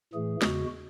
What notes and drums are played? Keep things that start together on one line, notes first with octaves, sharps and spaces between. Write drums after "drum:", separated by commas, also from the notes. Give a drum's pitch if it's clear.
A2 E3 A3 G#4
E2 C#3 G#3 F#4, drum: snare